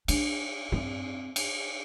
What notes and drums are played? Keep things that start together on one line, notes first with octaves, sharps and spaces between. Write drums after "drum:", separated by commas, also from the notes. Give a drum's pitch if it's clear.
D4, drum: cymbal
C4, drum: tom G2
drum: cymbal